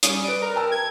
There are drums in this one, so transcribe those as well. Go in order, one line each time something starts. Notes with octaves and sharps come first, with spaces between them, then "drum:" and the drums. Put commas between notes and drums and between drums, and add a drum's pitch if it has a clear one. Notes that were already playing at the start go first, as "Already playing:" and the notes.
G3 C#4 D#6, drum: hi-hat
B4 D5 D7
A#4
G5 A5 E6
G#6